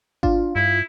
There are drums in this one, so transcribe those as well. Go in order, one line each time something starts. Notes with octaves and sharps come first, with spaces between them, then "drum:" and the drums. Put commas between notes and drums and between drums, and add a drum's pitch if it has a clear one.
D4 F4, drum: kick G#1
G2 E4